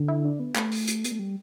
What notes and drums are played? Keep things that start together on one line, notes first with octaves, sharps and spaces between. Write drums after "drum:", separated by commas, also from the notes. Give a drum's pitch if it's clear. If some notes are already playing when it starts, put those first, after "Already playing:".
Already playing: D3
E4
D4
B3
A3, drum: clap
drum: open hi-hat
drum: hi-hat
B3, drum: hi-hat
A3
G3